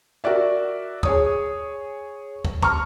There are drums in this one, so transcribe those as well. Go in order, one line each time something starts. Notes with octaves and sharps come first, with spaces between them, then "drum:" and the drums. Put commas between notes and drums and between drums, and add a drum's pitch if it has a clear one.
F#4 A#4 D5 E5
G#4 C#5 D#6, drum: kick
drum: kick
A#5 C#6 F6, drum: kick